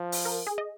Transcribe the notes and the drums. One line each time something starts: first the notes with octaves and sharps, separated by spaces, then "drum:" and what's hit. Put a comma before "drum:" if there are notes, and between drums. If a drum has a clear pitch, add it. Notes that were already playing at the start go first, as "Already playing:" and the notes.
Already playing: F3
drum: open hi-hat
A#4
G#4
D#5